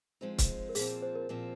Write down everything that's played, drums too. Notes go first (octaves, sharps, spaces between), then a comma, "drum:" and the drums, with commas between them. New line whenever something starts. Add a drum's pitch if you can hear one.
F3 G#3 C4 D#4
drum: kick C#1, hi-hat
A#4
A#2 F3 C4 G#4, drum: open hi-hat
C5
A#4
A#2 F3 C4